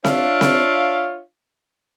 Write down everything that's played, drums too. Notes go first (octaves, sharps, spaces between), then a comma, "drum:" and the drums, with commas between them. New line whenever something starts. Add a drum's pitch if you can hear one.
D4 F4 C#5 E5 F5, drum: snare C4
drum: snare C4